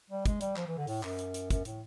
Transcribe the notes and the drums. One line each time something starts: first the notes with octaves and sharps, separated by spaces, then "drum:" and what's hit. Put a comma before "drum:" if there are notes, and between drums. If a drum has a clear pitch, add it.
G3
G#3, drum: kick, hi-hat
G3, drum: hi-hat
F3, drum: clap
E3
D3
A2, drum: open hi-hat
F#2, drum: clap
drum: hi-hat
drum: hi-hat
F#2, drum: kick, hi-hat
A2, drum: hi-hat